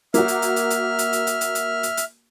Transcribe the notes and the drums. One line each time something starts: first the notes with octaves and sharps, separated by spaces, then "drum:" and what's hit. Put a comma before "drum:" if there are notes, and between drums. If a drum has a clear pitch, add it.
A#3 F#4 E5 F6, drum: hi-hat
drum: hi-hat
drum: hi-hat
drum: hi-hat
drum: hi-hat
drum: hi-hat
drum: hi-hat
drum: hi-hat
drum: hi-hat
drum: hi-hat
drum: hi-hat
drum: hi-hat